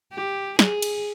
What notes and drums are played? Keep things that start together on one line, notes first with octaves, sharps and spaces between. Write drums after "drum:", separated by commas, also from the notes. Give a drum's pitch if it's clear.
G4
G#4, drum: snare
drum: cymbal